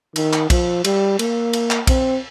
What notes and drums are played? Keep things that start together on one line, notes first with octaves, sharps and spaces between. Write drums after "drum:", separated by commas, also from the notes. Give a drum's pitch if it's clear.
D#3, drum: cymbal
drum: clap
F3, drum: kick, cymbal
G3, drum: cymbal
A#3, drum: cymbal
drum: cymbal
drum: clap
C4, drum: kick, cymbal